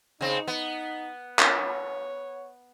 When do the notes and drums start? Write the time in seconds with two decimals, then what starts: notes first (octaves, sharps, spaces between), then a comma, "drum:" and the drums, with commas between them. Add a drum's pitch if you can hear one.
0.21 C#3 C4 D#4
0.48 B3
1.39 C#5, drum: clap